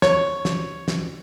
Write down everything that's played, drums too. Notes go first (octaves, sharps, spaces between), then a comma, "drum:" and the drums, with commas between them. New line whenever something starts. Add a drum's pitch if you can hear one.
C#5, drum: snare
drum: snare
drum: snare